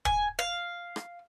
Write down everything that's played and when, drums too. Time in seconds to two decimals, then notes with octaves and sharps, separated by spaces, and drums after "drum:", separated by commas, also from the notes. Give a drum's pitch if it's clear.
0.05 G#5, drum: kick
0.39 F5
0.96 drum: rim click